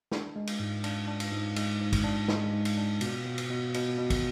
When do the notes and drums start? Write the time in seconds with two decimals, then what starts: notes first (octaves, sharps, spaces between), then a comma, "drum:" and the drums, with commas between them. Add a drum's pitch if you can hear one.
0.12 D4, drum: snare
0.36 G#3
0.47 drum: cymbal
0.60 G#2
0.84 D4, drum: cymbal
1.07 D4
1.20 drum: cymbal
1.32 G#2
1.56 G#3, drum: cymbal
1.80 G#2
1.93 drum: kick, cymbal
2.04 D4
2.28 G#3, drum: snare
2.53 G#2
2.65 drum: cymbal
2.77 D4
3.01 B2, drum: cymbal
3.26 B2
3.38 drum: cymbal
3.50 B2
3.74 B2, drum: cymbal
3.98 B2
4.10 drum: kick, cymbal